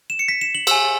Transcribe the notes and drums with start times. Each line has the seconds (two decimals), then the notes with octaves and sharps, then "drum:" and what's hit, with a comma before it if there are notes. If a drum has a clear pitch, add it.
0.10 E7
0.19 C#7
0.28 B6
0.41 E7
0.55 F#7
0.67 G#5 E6 E7, drum: cymbal